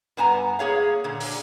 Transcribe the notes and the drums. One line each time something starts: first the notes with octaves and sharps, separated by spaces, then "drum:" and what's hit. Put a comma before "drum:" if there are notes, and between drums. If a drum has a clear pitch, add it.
G2 B3 G#5 A#5
A#3 G#4 C#5 F5
A#2 D3
drum: open hi-hat